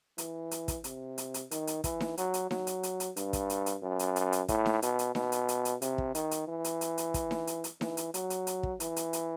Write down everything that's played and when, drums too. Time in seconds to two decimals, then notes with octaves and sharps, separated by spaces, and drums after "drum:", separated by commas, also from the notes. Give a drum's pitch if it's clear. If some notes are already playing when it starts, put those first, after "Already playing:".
0.18 E3, drum: hi-hat
0.51 drum: hi-hat
0.68 drum: kick, hi-hat
0.84 C3, drum: hi-hat
1.18 drum: hi-hat
1.34 drum: hi-hat
1.51 D#3, drum: hi-hat
1.67 drum: hi-hat
1.84 E3, drum: kick, hi-hat
2.00 drum: snare D#4
2.18 F#3, drum: hi-hat
2.34 drum: hi-hat
2.51 F#3, drum: snare D#4
2.67 drum: hi-hat
2.83 drum: hi-hat
3.00 drum: hi-hat
3.16 G2, drum: hi-hat
3.33 drum: kick, hi-hat
3.50 drum: hi-hat
3.66 drum: hi-hat
3.83 F#2
3.99 drum: hi-hat
4.16 drum: hi-hat
4.32 drum: hi-hat
4.48 A2, drum: kick, hi-hat
4.66 drum: snare D#4
4.82 B2, drum: hi-hat
4.99 drum: hi-hat
5.15 B2, drum: snare D#4
5.32 drum: hi-hat
5.48 drum: hi-hat
5.65 drum: hi-hat
5.82 C3, drum: hi-hat
5.98 drum: kick
6.15 D#3, drum: hi-hat
6.31 drum: hi-hat
6.48 E3
6.64 drum: hi-hat
6.81 drum: hi-hat
6.98 drum: hi-hat
7.14 drum: kick, hi-hat
7.31 drum: snare D#4
7.47 drum: hi-hat
7.64 drum: hi-hat
7.81 E3, drum: snare D#4
7.97 drum: hi-hat
8.14 F#3, drum: hi-hat
8.30 drum: hi-hat
8.47 drum: hi-hat
8.63 drum: kick
8.80 E3, drum: hi-hat
8.96 drum: hi-hat
9.13 drum: hi-hat